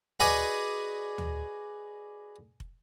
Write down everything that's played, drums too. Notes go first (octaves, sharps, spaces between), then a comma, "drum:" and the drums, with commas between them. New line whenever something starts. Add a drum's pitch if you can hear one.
F#4 G#4 B4 D5 D#5 G#5, drum: tom
drum: tom
drum: kick